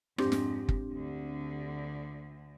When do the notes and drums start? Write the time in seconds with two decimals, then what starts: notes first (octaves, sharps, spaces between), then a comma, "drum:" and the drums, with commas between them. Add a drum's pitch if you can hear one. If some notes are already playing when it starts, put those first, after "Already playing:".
0.18 F2 G#2 C4 D4 G4, drum: rim click
0.32 drum: snare
0.69 drum: kick
0.93 D2 D3